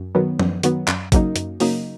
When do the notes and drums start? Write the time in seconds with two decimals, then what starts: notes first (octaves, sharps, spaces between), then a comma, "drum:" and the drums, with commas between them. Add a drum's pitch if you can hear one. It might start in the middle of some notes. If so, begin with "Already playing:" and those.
Already playing: F#2
0.15 D#3 F#3 B3
0.40 F#2, drum: tom F3
0.63 D#3 F#3 B3, drum: hi-hat
0.88 F#2, drum: clap
1.12 C#3 F#3 A#3 D#4, drum: kick, hi-hat
1.36 F#2, drum: hi-hat
1.60 C#3 F#3 A#3 D#4, drum: open hi-hat